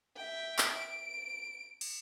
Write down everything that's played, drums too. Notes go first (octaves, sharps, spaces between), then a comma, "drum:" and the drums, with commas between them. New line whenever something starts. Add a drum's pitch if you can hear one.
E5 G5
drum: clap
D7
drum: cymbal